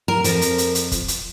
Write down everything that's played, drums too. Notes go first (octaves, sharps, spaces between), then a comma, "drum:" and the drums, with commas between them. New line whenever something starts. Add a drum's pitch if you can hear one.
A#4
F2 F3 A#4, drum: hi-hat
drum: hi-hat
drum: hi-hat
drum: hi-hat
drum: kick, hi-hat
drum: hi-hat